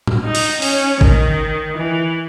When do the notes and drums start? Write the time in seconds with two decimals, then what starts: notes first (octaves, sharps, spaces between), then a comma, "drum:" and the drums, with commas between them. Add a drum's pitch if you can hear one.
0.07 drum: tom A2
0.24 D#4
0.35 drum: open hi-hat
0.62 C#4, drum: open hi-hat
1.01 D#3, drum: kick G#1
1.77 E3